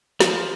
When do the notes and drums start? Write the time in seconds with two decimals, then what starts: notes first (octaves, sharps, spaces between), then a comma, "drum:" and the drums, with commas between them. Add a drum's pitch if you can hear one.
0.20 F3, drum: snare